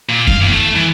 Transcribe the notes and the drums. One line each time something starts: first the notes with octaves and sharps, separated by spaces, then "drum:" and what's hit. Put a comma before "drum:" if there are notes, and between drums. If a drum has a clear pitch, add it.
A#2
F5, drum: kick F#2
E2
A3
E3